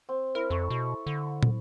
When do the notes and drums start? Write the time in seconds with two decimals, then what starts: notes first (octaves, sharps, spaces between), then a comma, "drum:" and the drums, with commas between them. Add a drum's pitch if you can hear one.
0.09 C4
0.35 E4 A#4
0.50 F2 A4 C#6
0.70 B2
1.07 D3
1.43 drum: tom